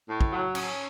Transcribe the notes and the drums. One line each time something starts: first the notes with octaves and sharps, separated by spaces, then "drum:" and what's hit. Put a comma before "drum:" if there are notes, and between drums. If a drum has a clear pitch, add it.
A2
drum: kick
F#3
C#4, drum: cymbal